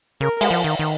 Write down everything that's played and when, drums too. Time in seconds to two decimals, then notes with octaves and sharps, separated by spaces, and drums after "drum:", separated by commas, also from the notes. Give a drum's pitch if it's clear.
0.21 C#3 A#4
0.41 G#3, drum: open hi-hat
0.51 F3
0.64 D#3
0.79 D#3